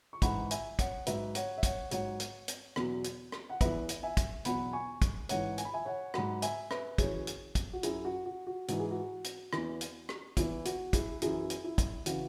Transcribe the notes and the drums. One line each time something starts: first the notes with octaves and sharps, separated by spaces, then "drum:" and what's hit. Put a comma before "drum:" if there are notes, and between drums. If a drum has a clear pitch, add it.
C#6
G#2 E3 F#5 B5, drum: kick, hi-hat
E5 G#5, drum: hi-hat
C#5 F#5, drum: kick, hi-hat
G#2 F#3 B4 E5, drum: hi-hat
C#5 F#5, drum: hi-hat
E5
C#5 F#5, drum: kick, hi-hat
G#2 F#3 C#5 F#5, drum: hi-hat
drum: hi-hat
drum: hi-hat
E2 B2 F#3, drum: rim click
drum: hi-hat
drum: rim click
F#5
E2 E3 B4 E5, drum: kick, hi-hat
drum: hi-hat
E5 G#5
drum: kick, hi-hat
E2 B2 F#3 F#5 B5, drum: hi-hat
G#5 C#6
drum: kick, hi-hat
G#2 E3 C#5 F#5, drum: hi-hat
G#5, drum: hi-hat
B5
E5 G#5
C#5 F#5
G#2 F#3 F#5 B5, drum: rim click
E5 G#5, drum: hi-hat
B4 E5, drum: rim click
F#2 E3 G#4 C#5, drum: kick, hi-hat
drum: hi-hat
drum: kick, hi-hat
F#4
F#2 F#3 E4 G#4, drum: hi-hat
F#4
F#4
F#4
G#2 E3 F#4, drum: hi-hat
G#4
F#4
drum: hi-hat
E2 E3, drum: rim click
drum: hi-hat
drum: rim click
E2 E3 E4, drum: kick, hi-hat
F#4, drum: hi-hat
E4 G#4, drum: kick, hi-hat
F#2 E3 E4 G#4, drum: hi-hat
drum: hi-hat
E4
drum: kick, hi-hat
C#3 E3 F#4, drum: hi-hat